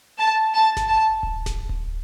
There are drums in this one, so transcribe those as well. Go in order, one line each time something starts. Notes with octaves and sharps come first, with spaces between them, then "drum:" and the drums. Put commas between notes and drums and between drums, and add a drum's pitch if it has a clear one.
A5
A5
drum: snare G1
A5
drum: kick D1
drum: snare G1
drum: kick D1